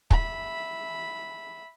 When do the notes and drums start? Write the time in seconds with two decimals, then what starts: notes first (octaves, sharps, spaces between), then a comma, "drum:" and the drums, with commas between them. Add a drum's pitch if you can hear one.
0.11 E5 B5, drum: kick